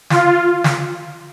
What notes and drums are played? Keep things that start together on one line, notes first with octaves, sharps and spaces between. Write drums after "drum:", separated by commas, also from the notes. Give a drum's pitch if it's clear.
F4, drum: snare
drum: snare